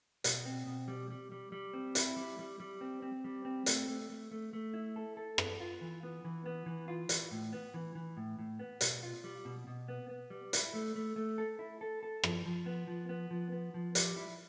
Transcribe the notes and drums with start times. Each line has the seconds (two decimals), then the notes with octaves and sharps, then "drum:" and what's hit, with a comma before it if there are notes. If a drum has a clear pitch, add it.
0.24 B2, drum: hi-hat
0.45 C4
0.66 B2
0.88 G3
1.10 G3
1.32 G3
1.52 G3
1.73 C4
1.95 E4, drum: hi-hat
2.16 G3
2.39 G3
2.60 G3
2.81 C4
3.02 C4
3.24 G3
3.45 C4
3.66 A3, drum: hi-hat
3.88 A3
4.10 A3
4.31 A3
4.53 A3
4.74 E4
4.96 A4
5.17 A4
5.38 B3, drum: rim click
5.60 F4
5.81 E3
6.03 B3
6.25 E3
6.46 B3
6.66 E3
6.88 F4
7.09 E3, drum: hi-hat
7.31 A2
7.53 B3
7.74 E3
7.95 E3
8.17 A2
8.39 A2
8.59 B3
8.81 B2, drum: hi-hat
9.03 F4
9.24 G3
9.45 B2
9.67 B2
9.88 B3
10.09 B3
10.30 G3
10.53 E4, drum: hi-hat
10.74 A3
10.96 A3
11.16 A3
11.38 A4
11.59 E4
11.81 A4
12.03 A4
12.24 F3, drum: rim click
12.46 F3
12.66 B3
12.87 F3
13.09 B3
13.31 F3
13.52 B3
13.74 F3
13.95 G3, drum: hi-hat
14.16 E4